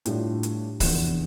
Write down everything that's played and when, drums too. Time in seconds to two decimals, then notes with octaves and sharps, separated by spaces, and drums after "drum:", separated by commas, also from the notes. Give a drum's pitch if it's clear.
0.06 A2 G3 D4 F4, drum: hi-hat
0.43 drum: hi-hat
0.80 F1 E2 D3, drum: kick C#1, open hi-hat